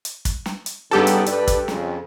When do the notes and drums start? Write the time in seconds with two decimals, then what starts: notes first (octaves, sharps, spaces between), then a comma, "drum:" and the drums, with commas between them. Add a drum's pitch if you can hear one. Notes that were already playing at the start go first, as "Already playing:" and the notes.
0.05 drum: hi-hat
0.25 drum: kick, hi-hat
0.46 drum: snare
0.66 drum: hi-hat
0.91 G2 C#3 B3 D#4 G4 A4
1.07 drum: hi-hat
1.26 D4 B4 D5, drum: hi-hat
1.48 drum: kick, hi-hat
1.68 F2 C#3, drum: snare